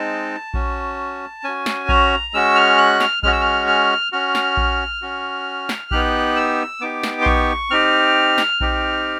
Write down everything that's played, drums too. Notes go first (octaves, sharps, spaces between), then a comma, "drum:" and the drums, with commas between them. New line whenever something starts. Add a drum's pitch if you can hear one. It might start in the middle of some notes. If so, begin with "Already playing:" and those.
Already playing: G#3 C4 D#4 A5
C#4 F#4, drum: kick A#1
C#4 F#4 G#5
drum: snare
A#5, drum: kick A#1
G#3 C#4 F#4 E6
F6
F#6
F6, drum: snare
G#3 C#4 F#4 F6, drum: kick A#1
E6
F6
F6
C#4 F#4 F6
drum: snare
drum: kick A#1
C#4 F#4
drum: snare
B3 D#4 G4 F#6, drum: kick A#1
E6
B3 D#4 G4 D6
drum: snare
C6
C#6, drum: kick A#1
C4 D#4 G4 F6
drum: snare
C4 D#4 G4, drum: kick A#1